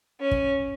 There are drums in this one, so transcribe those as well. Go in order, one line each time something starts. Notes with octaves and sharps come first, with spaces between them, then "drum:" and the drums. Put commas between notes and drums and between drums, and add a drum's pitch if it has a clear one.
C#4
drum: kick